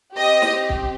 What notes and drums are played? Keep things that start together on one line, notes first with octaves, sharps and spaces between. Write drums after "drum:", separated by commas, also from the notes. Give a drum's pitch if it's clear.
C4 G4 D#5
drum: snare
drum: kick